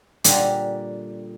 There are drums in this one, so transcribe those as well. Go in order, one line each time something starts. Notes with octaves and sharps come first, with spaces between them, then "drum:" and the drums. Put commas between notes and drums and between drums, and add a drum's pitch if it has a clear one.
A#2 D3 G3 G#5 A#5, drum: hi-hat